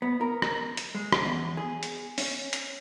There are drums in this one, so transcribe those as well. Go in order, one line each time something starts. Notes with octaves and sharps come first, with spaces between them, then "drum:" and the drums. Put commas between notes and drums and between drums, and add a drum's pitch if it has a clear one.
B3
A#4
drum: rim click
drum: hi-hat
G#3
drum: rim click
E2
G#4
drum: hi-hat
C#4, drum: open hi-hat
drum: hi-hat